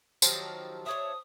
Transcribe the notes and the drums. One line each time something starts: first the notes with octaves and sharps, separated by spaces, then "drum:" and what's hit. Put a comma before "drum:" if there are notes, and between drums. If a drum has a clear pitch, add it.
D#3 F3 F#3 G4 C5 A5, drum: tambourine
D4 C#5 E5 D#6